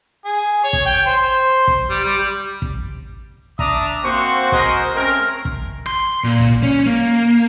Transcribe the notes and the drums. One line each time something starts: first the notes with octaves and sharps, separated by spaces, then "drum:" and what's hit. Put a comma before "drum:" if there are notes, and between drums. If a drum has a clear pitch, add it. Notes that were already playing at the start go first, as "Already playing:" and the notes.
G#4
C#5
drum: kick
G5
C5
drum: kick
G3
G3
drum: kick
D4 D5 E5 A#5 D6 D#6, drum: kick
A#3 C4 F#4 C5 F#5 C#6
F#4 G#4 A#4 C5 D#5, drum: kick
A3 C4 C#4 A#4
drum: kick
C6
A#2
drum: kick
C#4
A#3